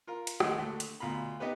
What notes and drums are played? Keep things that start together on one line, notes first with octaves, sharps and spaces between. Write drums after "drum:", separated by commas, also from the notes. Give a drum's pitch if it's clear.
F4 A#4
drum: hi-hat
D#2 G#3 A3 F#5 E6, drum: rim click
D3 A3
drum: hi-hat
D2 B2 F4 F5 A#5 B5
B3 D#4 G4 B4